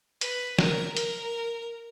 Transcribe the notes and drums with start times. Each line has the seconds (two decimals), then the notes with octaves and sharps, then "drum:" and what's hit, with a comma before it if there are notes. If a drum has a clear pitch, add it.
0.21 B4, drum: hi-hat
0.59 A#4, drum: snare
0.97 A#4, drum: hi-hat